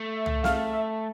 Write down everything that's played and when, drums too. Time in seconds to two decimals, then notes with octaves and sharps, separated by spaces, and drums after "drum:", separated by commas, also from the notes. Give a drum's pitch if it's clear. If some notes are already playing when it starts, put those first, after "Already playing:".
Already playing: A3
0.16 E5
0.26 drum: tom C2
0.44 F5, drum: snare
0.73 E5